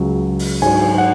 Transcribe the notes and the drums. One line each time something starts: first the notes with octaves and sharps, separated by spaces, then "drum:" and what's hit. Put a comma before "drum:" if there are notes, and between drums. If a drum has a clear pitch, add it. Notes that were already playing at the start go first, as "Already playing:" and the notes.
Already playing: C#2 C#3 F#3
drum: open hi-hat
G#2 F#3 G#5, drum: cymbal
F#5